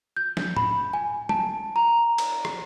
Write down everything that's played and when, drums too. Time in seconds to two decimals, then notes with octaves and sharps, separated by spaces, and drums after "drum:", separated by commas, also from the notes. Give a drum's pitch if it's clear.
0.17 G6
0.37 drum: snare
0.56 B5, drum: tom
0.94 G#5
1.29 A5, drum: tom
1.76 A#5
2.18 drum: cymbal
2.45 drum: rim click